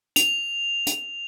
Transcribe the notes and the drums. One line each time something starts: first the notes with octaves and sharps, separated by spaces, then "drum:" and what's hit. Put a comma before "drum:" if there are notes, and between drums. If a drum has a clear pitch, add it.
F7, drum: hi-hat
drum: hi-hat